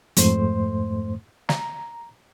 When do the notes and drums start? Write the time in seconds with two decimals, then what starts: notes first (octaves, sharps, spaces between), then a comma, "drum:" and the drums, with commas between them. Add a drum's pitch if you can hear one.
0.17 F2 G#2 A3 C5 C6, drum: hi-hat
1.49 A#5, drum: snare